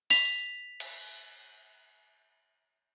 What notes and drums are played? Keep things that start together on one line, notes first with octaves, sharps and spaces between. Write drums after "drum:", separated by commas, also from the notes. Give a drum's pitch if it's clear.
B6 F7, drum: open hi-hat
drum: cymbal